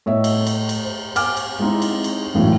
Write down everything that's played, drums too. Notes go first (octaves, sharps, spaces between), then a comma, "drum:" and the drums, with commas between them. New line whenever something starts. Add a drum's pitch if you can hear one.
A2 C#5 D#5 E5
drum: cymbal
drum: cymbal
drum: cymbal
C5
F5 G#5 D6 F6, drum: cymbal
drum: cymbal
G#3 C4 D#4 E4
drum: cymbal
drum: cymbal
G#1 F#2 A2 E3